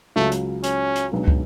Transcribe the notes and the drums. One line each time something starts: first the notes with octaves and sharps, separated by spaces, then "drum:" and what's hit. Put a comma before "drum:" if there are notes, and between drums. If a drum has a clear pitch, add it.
C#2 C#3 F#3 A3
drum: hi-hat
C#4, drum: hi-hat
drum: hi-hat
B1 B2 G#3 B3 D4
drum: kick